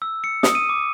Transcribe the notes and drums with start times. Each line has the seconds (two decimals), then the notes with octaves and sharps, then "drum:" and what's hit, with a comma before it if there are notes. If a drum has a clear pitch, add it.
0.02 E6
0.24 C#7
0.43 D#6, drum: snare
0.55 D#7
0.69 D6